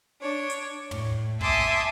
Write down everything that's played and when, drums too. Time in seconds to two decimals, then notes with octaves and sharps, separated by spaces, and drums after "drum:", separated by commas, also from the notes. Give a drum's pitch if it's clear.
0.21 D4 C#5
0.50 drum: hi-hat
0.91 A2, drum: tom
1.41 E5 G#5 A5 C6 D6 D#6, drum: kick